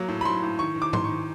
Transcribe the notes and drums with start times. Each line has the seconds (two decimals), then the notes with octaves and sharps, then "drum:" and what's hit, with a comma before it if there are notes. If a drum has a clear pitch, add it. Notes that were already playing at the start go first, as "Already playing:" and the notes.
Already playing: F#3 A#3
0.08 A2
0.21 B5
0.25 F#3 C6
0.43 A2
0.59 D#3 C#6
0.76 D#3
0.82 D6
0.93 D#3 C6, drum: tom
1.04 C#6
1.10 D#3